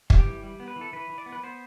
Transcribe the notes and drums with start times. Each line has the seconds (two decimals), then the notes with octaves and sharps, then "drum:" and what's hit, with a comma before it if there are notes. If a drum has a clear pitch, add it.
0.10 G3, drum: kick
0.18 G4
0.26 E3
0.43 G3
0.60 B3
0.68 B4
0.76 E3
0.81 A4
0.93 E3 B4
1.10 E3
1.18 D5
1.26 B3
1.32 B4
1.43 B3 C5